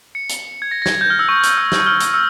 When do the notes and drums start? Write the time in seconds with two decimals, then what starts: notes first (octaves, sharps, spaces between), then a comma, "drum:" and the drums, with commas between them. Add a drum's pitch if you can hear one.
0.15 C#7
0.29 drum: hi-hat
0.62 G#6
0.71 A#6
0.82 A#6
0.86 G#6, drum: snare
1.01 G6
1.10 F6
1.19 E6
1.29 C#6
1.43 drum: hi-hat
1.58 E6
1.72 drum: snare
1.86 F6
2.00 drum: hi-hat
2.14 E6